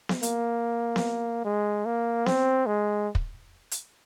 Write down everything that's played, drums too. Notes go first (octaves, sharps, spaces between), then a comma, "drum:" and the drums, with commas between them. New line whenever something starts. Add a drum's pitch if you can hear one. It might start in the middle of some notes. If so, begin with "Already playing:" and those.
drum: snare B3
A#3, drum: hi-hat
drum: snare B3
G#3
A#3
C4, drum: snare B3
G#3
drum: kick
drum: hi-hat